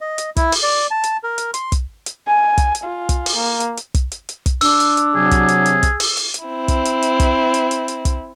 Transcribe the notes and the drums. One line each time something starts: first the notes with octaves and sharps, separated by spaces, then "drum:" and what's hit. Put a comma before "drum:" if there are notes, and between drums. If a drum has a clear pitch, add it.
D#5
drum: hi-hat
E4, drum: kick, hi-hat
drum: open hi-hat
D5
A5
drum: hi-hat
A#4
drum: hi-hat
C6, drum: hi-hat
drum: kick, hi-hat
drum: hi-hat
G#5
drum: kick, hi-hat
drum: hi-hat
F4
drum: kick, hi-hat
drum: open hi-hat
A#3
drum: hi-hat
drum: hi-hat
drum: kick, hi-hat
drum: hi-hat
drum: hi-hat
drum: kick, hi-hat
D4 E6, drum: open hi-hat
drum: hi-hat
drum: hi-hat
C3 F#3 G#4
drum: kick, hi-hat
drum: hi-hat
drum: hi-hat
drum: kick, hi-hat
drum: open hi-hat
drum: hi-hat
drum: hi-hat
C4 E4
drum: kick, hi-hat
drum: hi-hat
drum: hi-hat
drum: kick, hi-hat
drum: hi-hat
drum: hi-hat
drum: hi-hat
drum: kick, hi-hat